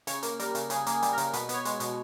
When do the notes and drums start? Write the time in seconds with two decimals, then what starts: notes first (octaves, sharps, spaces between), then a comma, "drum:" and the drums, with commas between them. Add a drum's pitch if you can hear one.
0.07 C#3 C#5, drum: hi-hat
0.23 A#3, drum: hi-hat
0.40 G3 A#4, drum: hi-hat
0.55 C#3, drum: hi-hat
0.70 C#3 G#4, drum: hi-hat
0.87 A#3 G#4, drum: hi-hat
1.02 G3, drum: hi-hat
1.13 A#4
1.18 C#3, drum: hi-hat
1.33 B2 B4, drum: hi-hat
1.49 B3, drum: hi-hat
1.54 C#5
1.65 G#3, drum: hi-hat
1.80 B2, drum: hi-hat